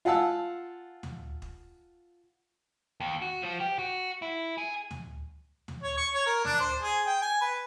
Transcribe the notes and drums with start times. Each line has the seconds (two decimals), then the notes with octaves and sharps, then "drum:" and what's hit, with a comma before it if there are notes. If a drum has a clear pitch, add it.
0.05 F4 F5 F#5 G#5 A5 E6
1.03 drum: tom D2
1.42 drum: kick
3.00 D#2
3.22 F#4
3.42 F3
3.60 G4
3.79 F#4
4.22 E4
4.58 G#4
4.91 drum: tom D2
5.68 drum: tom D2
5.83 C#5
5.98 C#6
6.13 C#5
6.26 A#4
6.45 D4, drum: tom D2
6.60 C5
6.83 G#4
7.07 G5
7.22 G#5
7.41 B4